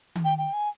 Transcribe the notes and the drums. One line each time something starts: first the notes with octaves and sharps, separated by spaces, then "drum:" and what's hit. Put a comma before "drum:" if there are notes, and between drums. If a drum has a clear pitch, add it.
drum: tom D#3
G5
G5
G#5